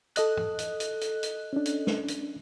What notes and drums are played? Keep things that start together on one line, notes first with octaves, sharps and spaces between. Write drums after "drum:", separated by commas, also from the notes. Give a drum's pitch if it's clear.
A4 D#5 F#6, drum: hi-hat
drum: tom
drum: hi-hat
drum: hi-hat
drum: hi-hat
drum: hi-hat
C#4 D4
drum: hi-hat
drum: snare
drum: hi-hat